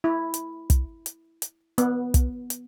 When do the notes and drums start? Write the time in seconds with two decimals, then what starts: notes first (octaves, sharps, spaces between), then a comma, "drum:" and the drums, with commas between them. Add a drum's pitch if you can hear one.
0.04 E4
0.34 drum: hi-hat
0.70 drum: kick, hi-hat
1.06 drum: hi-hat
1.42 drum: hi-hat
1.78 B3, drum: hi-hat
2.14 drum: kick, hi-hat
2.50 drum: hi-hat